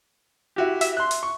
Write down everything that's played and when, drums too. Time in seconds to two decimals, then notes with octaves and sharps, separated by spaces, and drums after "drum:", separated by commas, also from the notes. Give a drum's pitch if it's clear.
0.56 E4 F#4 G4
0.81 E5, drum: hi-hat
0.97 C6 F#6
1.11 drum: hi-hat
1.23 C#6